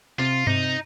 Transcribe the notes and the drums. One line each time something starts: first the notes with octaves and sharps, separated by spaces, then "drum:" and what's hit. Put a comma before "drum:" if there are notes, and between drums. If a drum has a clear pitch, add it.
C3 F4
C3 D#4, drum: tom G2